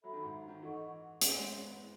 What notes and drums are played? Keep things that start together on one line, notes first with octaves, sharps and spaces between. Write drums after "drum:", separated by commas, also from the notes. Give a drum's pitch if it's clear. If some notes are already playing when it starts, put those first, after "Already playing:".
F#3 A4 E5 B5
D#3
G#2
D#3
E3 A4 D#5 F#5 C#6
C#4 G#4 C#5 F#5, drum: hi-hat
G#3
B3
B3
E4